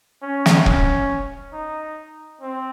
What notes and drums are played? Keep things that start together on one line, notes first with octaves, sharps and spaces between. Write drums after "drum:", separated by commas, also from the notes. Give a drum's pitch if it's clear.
C#4
drum: snare
C#4, drum: kick
D#4
C4